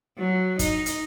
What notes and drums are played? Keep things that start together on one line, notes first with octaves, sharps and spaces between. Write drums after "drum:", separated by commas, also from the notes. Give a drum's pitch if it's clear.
F#3
D#4, drum: kick, hi-hat
drum: hi-hat